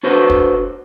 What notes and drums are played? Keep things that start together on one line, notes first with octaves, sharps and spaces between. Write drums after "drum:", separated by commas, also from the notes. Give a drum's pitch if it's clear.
D4 F#4 B4 C5
drum: kick